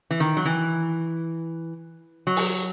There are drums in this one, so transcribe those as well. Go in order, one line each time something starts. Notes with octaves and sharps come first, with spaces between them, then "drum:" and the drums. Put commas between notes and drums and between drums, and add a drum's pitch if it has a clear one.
E3
D#3
F#3
E3
F#3
drum: open hi-hat